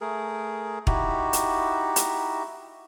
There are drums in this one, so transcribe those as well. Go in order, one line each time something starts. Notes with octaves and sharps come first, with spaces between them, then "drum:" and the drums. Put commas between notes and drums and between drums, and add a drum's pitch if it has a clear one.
A3 G#4 A#4
D#4 E4 F#4 G4, drum: kick
drum: hi-hat
drum: hi-hat